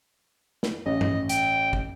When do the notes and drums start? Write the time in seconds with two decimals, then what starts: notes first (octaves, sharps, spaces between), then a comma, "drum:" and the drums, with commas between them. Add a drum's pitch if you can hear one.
0.63 drum: snare
0.86 A1 D#5
1.01 drum: tom G2
1.29 G5, drum: hi-hat
1.73 drum: kick